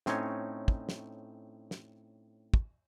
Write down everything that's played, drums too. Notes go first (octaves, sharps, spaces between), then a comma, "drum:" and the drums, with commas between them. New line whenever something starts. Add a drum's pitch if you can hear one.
A2 C4 C#4 D#4 C#5, drum: snare
drum: kick
drum: snare
drum: snare
drum: kick